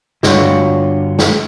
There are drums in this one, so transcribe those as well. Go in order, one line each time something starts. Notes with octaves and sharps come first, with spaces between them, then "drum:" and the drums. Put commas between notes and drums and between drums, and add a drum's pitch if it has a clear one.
G2 D3 F4 F#4 C#5, drum: snare
drum: snare